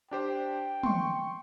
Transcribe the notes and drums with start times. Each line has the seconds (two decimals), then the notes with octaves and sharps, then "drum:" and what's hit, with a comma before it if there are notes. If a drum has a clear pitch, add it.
0.11 D4 G4 C5 G5
0.83 C6 C#6, drum: tom